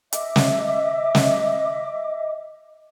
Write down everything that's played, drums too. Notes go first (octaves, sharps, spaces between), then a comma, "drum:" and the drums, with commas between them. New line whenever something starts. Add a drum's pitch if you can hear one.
D#5 E5 D6, drum: hi-hat
drum: snare
drum: snare